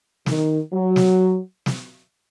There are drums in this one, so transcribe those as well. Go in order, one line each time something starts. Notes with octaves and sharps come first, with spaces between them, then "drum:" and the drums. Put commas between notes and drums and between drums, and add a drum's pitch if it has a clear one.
D#3, drum: snare
F#3
drum: snare
drum: snare